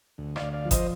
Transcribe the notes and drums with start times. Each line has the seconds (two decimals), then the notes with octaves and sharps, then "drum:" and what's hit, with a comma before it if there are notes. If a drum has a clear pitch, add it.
0.18 D2
0.36 D5 F5, drum: rim click
0.41 D2
0.53 D5 F5
0.65 F3
0.71 C5 D#5, drum: kick G1, hi-hat